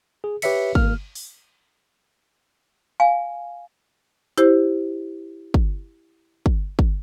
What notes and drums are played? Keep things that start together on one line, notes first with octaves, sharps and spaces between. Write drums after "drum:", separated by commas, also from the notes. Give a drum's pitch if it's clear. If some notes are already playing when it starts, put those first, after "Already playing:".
G#4
G4 B4 C#5 E5 B6 C#7, drum: cymbal
G#1 A#3 F6, drum: kick
drum: open hi-hat
F5 G#5
E4 G4 C5, drum: hi-hat
drum: kick
drum: kick
drum: kick